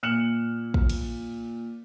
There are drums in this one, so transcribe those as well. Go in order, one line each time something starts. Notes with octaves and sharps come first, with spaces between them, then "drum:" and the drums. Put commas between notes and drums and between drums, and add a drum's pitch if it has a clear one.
A#2 F6 F#6 C#7 E7 F#7
drum: kick
drum: cymbal